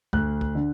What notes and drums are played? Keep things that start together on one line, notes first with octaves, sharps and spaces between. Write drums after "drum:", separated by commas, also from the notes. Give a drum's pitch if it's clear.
D2 F#6, drum: kick
drum: kick
D3